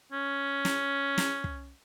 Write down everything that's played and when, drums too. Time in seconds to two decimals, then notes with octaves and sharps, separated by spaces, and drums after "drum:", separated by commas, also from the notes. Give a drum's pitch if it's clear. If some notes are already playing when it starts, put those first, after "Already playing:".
0.12 C#4
0.65 drum: snare
1.18 drum: snare
1.44 drum: kick